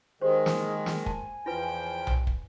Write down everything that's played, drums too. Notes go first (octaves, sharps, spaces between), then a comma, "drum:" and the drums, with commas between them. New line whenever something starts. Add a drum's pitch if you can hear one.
D#3 G#3 G4 G#4 C5
drum: snare
drum: snare
G#5 A5, drum: kick
E2 F3 E4 F4 B4 G5
drum: tom B1
drum: kick